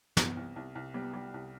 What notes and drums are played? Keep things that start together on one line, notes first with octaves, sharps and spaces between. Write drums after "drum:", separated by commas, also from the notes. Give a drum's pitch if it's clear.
C2 B3, drum: snare
C2
C2
C2
G3 B3
G3
C2